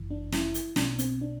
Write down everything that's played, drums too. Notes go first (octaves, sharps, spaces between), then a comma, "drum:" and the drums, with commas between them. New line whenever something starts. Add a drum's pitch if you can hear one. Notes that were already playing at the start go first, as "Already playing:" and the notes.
Already playing: G1 F#2 E3
D4
E4, drum: snare
drum: hi-hat
B1 B2 D4, drum: snare
C4, drum: hi-hat
D4